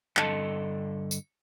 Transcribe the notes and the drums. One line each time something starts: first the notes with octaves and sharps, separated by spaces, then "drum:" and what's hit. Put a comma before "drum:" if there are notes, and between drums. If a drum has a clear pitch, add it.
G2 D3 A4 D#5 A5, drum: clap
drum: tambourine